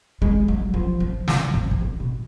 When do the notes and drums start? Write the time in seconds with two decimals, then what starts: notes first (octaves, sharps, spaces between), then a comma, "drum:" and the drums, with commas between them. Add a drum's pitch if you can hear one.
0.22 G#3
0.48 F#3
0.74 F3
1.00 F3
1.28 F#3, drum: snare
1.54 F3, drum: kick
1.71 drum: kick
1.81 D#3
2.00 B2